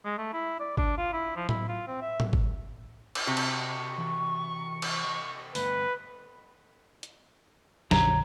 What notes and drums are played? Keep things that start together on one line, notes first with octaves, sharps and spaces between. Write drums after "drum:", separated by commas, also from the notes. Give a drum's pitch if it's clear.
G#3
A3
E4
D5
D4, drum: kick G#1
F4
E4
F3
E4, drum: tom A2
F4
C4
E5
drum: tom A2
drum: kick G#1
drum: cymbal
C3 F#4 A5 C#6
drum: cymbal
E3 F#4
drum: cymbal
D2 G2 B3 B4, drum: open hi-hat
drum: hi-hat
A#1 F2 D3 C#5 A#5, drum: snare